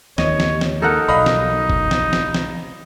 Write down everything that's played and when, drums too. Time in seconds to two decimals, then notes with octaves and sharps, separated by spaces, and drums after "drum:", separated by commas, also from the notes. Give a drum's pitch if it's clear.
0.18 D#2 C#5 D#5, drum: snare
0.40 drum: snare
0.61 drum: snare
0.82 D#4 A4 A#4 F#5
1.08 B1 D#5 F5 B5
1.26 drum: snare
1.70 drum: kick
1.91 drum: snare
2.13 drum: snare
2.34 drum: snare